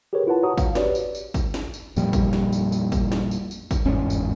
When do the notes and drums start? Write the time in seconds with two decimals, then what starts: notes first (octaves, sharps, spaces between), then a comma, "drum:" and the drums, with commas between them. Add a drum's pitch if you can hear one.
0.13 G4 G#4 A#4 B4 C#5
0.27 E4 F4 B4 F#5 A5
0.43 F#4 C#5 F#5 A#5 C#6 D#6
0.58 F5, drum: kick, tambourine
0.75 F#4 G4 B4 C#5 D5, drum: snare
0.95 drum: tambourine
1.15 drum: tambourine
1.34 drum: kick, tambourine
1.54 drum: snare
1.74 drum: tambourine
1.96 F2 A#2 G3, drum: tambourine
2.13 drum: kick, tambourine
2.33 drum: snare
2.53 drum: tambourine
2.72 drum: tambourine
2.92 drum: kick, tambourine
3.12 drum: snare
3.31 drum: tambourine
3.51 drum: tambourine
3.71 drum: kick, tambourine
3.85 G1 E2 G#2 C#4
4.10 drum: tambourine